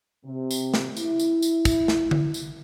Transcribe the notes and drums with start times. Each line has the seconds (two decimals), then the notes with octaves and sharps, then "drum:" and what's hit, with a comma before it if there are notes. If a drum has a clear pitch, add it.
0.25 C3
0.51 drum: tambourine
0.74 drum: snare
0.97 E4, drum: tambourine
1.19 drum: tambourine
1.42 drum: tambourine
1.65 drum: kick, tambourine
1.88 drum: snare
2.11 drum: tom D3
2.34 drum: tambourine